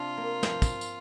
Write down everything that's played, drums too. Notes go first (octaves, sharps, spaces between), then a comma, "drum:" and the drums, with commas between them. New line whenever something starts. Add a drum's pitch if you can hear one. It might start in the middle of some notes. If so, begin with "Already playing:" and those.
Already playing: C3 D4 F4
A#3
F3, drum: snare
drum: kick, tambourine
drum: tambourine